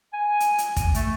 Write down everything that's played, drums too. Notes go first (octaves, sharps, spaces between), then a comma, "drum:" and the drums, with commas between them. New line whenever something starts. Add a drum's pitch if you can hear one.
G#5
drum: hi-hat
drum: hi-hat
drum: kick, hi-hat
A3, drum: hi-hat